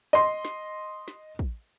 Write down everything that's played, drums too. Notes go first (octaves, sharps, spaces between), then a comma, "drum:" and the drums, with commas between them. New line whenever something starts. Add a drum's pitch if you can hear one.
D#5 C6
drum: snare
drum: snare
drum: kick